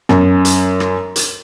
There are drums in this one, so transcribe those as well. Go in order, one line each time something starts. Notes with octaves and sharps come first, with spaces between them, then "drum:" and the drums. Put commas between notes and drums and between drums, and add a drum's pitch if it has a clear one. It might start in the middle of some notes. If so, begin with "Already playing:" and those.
F#2, drum: rim click
drum: hi-hat
drum: rim click
drum: hi-hat